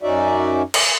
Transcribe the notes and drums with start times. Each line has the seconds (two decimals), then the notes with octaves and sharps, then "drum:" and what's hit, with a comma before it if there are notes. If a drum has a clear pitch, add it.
0.02 F#2 C#4 D#4 F#4 D5 E5
0.74 drum: cymbal